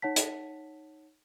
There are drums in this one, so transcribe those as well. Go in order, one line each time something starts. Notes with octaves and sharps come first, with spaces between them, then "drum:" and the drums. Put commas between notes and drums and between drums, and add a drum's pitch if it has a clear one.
D#4 C#5 F#5 A5 B6
drum: hi-hat